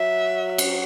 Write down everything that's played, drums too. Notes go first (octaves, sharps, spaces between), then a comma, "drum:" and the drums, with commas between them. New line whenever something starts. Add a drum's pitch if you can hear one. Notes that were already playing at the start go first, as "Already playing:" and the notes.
Already playing: F#3 E5
drum: cymbal